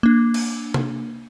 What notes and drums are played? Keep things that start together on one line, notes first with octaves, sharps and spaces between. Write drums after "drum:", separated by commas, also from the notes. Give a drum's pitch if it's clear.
A#3 D4
drum: cymbal
drum: tom